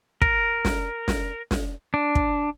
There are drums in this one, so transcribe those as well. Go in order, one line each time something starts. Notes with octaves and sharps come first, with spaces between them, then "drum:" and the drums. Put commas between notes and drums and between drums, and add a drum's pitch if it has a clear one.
A#4, drum: kick
drum: snare
drum: snare
drum: snare
D4
drum: kick